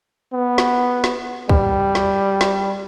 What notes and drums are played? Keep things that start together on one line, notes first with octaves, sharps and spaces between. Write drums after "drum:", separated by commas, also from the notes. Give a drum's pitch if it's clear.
B3
drum: snare
drum: snare
G3, drum: kick C2
drum: snare
drum: snare